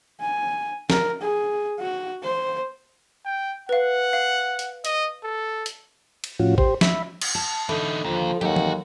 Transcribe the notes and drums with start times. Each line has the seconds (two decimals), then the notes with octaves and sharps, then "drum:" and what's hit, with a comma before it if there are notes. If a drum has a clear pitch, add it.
0.21 G#5
0.90 A#4, drum: snare
1.22 G#4
1.80 F#4
2.23 C5
3.25 G5
3.69 B4 F5 F#5
4.13 F5
4.59 drum: hi-hat
4.85 D#5, drum: hi-hat
5.24 A4
5.66 drum: hi-hat
6.24 drum: cymbal
6.39 A2 F3 C#4 F4 F#4
6.58 G4 C5, drum: kick G#1
6.81 E5 B5, drum: snare
7.21 drum: cymbal
7.35 A5
7.69 D3 E3 D#4
8.04 D#2 F3
8.41 D#2 F#3 G4 F#5
8.56 drum: tom E3